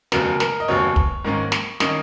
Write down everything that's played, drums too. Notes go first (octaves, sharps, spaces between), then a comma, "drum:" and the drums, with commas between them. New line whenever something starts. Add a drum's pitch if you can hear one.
F1 D#2 C#3 F#3 B3 A#4, drum: snare
A#4, drum: snare
D#5
F1 D#2 C#3 F#3 B3 C#5
drum: kick
G#2 D#3 A#3 C#4
drum: snare
D#3 A#3 C#4 D#5, drum: snare